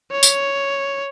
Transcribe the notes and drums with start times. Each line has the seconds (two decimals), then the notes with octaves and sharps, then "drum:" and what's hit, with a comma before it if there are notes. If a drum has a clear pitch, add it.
0.11 C#5
0.23 drum: tambourine